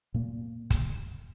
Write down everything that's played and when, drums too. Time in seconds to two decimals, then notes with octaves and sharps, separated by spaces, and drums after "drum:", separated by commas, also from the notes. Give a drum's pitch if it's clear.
0.14 A#2 A#3
0.70 drum: kick, hi-hat